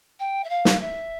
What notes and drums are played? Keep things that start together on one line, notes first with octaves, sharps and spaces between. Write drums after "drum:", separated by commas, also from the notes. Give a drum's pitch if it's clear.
G5
E5
F5
drum: snare
E5